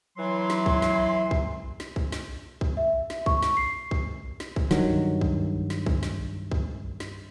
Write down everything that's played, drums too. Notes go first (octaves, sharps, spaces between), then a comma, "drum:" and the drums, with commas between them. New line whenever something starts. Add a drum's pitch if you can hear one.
E3 F#3 C6
drum: snare
drum: kick
drum: snare
drum: kick
drum: snare
drum: kick
drum: snare
drum: kick
E5
drum: snare
C#6, drum: kick
drum: snare
C7
drum: kick
drum: snare
drum: kick
G2 D#3 F#3, drum: snare
drum: kick
drum: snare
drum: kick
drum: snare
drum: kick
drum: snare